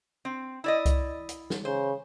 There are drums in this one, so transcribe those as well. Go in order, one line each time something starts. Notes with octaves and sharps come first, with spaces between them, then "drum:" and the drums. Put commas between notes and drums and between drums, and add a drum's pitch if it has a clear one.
C4
E4 D5 D#5
drum: kick C2, hi-hat
drum: hi-hat
drum: snare
C#3 C5